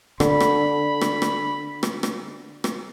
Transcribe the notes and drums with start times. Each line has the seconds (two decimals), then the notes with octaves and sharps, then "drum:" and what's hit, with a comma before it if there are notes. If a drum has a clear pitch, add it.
0.20 D3 B5, drum: rim click
0.40 drum: rim click
1.01 drum: rim click
1.22 drum: rim click
1.83 drum: rim click
2.03 drum: rim click
2.64 drum: rim click